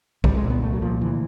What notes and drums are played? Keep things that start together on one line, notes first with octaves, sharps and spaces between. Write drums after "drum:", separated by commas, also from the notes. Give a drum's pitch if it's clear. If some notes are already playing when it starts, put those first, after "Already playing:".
C2 G3, drum: kick
G#3
A#2
B3
C2 A3
F#3
A#2 F3
D2 E3